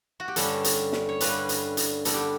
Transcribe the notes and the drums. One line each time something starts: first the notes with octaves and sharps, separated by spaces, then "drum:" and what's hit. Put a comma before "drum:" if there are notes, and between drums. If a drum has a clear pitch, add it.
F#4
G4
G2 D3 G3 C#4 A4, drum: hi-hat
drum: hi-hat
drum: snare
C#5
G2 D3 G3 C#4 B4, drum: hi-hat
drum: hi-hat
drum: hi-hat
D3 G3 B3 A4, drum: hi-hat
G4